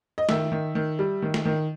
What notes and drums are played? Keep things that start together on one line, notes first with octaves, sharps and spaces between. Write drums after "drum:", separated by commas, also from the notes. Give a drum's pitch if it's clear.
D#5
D#3 E5, drum: snare
D#3
D#3
G3
D#3
drum: snare
D#3